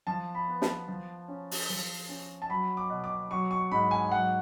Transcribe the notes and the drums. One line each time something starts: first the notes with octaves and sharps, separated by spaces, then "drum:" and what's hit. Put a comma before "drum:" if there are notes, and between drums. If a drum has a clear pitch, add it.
F3 A5
B5
B3
A5, drum: snare
F3
C#4
drum: open hi-hat
F3
C#4
A5
F#3 B5
D6
B2
D6
F#3 C#6
C#6
G#2 B5
G#5
F#3 F#5